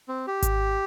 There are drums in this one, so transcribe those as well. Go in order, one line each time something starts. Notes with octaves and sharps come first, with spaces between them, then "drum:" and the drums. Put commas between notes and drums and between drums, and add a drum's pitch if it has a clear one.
C4
G4
drum: kick G#1, hi-hat